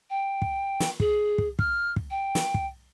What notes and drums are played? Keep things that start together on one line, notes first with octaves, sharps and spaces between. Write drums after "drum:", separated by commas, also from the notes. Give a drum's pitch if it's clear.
G5
drum: kick
drum: snare
G#4, drum: kick
drum: kick
F6, drum: kick
drum: kick
G5
drum: snare
drum: kick